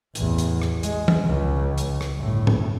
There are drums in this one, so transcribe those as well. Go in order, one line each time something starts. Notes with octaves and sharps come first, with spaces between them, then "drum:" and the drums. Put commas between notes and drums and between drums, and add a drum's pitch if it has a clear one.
A1 E2, drum: hi-hat
drum: hi-hat
drum: rim click
G#3, drum: hi-hat
drum: tom E3
C#2
drum: hi-hat
drum: rim click
G1 A2
drum: tom G#2